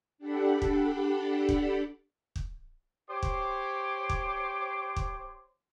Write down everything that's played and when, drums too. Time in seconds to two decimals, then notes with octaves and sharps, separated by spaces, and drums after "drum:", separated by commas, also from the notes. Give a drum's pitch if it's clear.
0.18 D4 G4 A4 F#5 B5
0.62 drum: kick
1.49 drum: kick
2.36 drum: kick
3.09 G4 C5 C#5 C6 D6
3.23 drum: kick
4.10 drum: kick
4.96 drum: kick